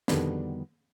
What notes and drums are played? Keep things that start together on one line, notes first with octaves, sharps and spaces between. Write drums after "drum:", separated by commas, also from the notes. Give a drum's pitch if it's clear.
F2 B2 D3 D#3 G3 B3, drum: snare